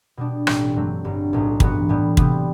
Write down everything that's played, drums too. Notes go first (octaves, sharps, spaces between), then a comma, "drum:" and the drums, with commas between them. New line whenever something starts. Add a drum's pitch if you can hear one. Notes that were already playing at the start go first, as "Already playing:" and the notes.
B2 G3 B3 D4
A1 A2 G3 C4 G4, drum: rim click
G2 F#3 A3 C4
G1 G2 F#3
B1 A2 F#3
G2 E3 B3 F#4 B4, drum: kick
A2 E3 G3 B3
C3 G3 B3, drum: kick